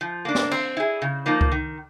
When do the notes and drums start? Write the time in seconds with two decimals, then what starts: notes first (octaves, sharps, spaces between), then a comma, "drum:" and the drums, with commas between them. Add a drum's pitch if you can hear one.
0.01 F3
0.25 A#3 D4
0.35 drum: snare
0.51 C4, drum: cymbal
0.77 E4 G#4
1.02 C#3
1.26 F3 A#3 D#4
1.41 drum: kick C#2
1.52 D#3